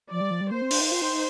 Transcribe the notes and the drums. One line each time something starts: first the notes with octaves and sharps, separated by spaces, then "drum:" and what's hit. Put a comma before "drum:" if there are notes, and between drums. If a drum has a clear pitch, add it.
F3 D5
G3
F3
G3
A#3 C5
C4
D4, drum: open hi-hat
D#4
F4
D#4
D#4